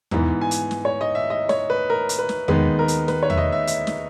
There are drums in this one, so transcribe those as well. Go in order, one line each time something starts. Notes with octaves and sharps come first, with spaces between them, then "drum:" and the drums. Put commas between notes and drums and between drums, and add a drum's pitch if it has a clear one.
G#2 E3 B3, drum: tom E2
G#5
drum: hi-hat
drum: snare
C#5
D#5
E5
D#5
C#5, drum: snare
B4
A#4
drum: hi-hat
B4
drum: snare
D#2 D#3 G#3 B3 D#4 B4, drum: tom E2
A#4
drum: hi-hat
B4, drum: snare
C#5
E5, drum: tom E2
D#5
E5
E5, drum: hi-hat
drum: snare